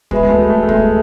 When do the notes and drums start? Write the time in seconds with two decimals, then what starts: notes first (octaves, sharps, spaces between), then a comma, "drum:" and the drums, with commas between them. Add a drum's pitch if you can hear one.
0.11 G#3 F#4 B4 E5 B5, drum: kick
0.23 G#3
0.30 A3
0.50 A3
0.63 A3
0.69 G#3, drum: kick